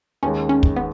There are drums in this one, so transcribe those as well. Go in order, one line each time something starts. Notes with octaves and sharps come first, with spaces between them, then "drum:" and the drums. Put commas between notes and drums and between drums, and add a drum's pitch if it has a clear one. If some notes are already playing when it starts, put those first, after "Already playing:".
D#2 D#3 G#3 C#4
C#4
drum: kick
B3